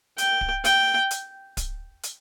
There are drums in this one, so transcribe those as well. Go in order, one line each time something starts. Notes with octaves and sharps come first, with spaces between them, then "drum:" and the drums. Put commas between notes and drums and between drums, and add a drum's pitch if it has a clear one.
G5, drum: hi-hat
drum: kick D1
G5, drum: hi-hat
drum: hi-hat
drum: kick D1, hi-hat
drum: hi-hat